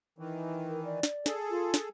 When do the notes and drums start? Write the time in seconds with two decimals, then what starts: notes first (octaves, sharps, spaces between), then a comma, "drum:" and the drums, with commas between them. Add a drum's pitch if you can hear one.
0.18 D#3 E3
0.69 A#4
0.85 D5
1.03 drum: snare
1.26 G#4 A4, drum: snare
1.50 F4
1.74 drum: snare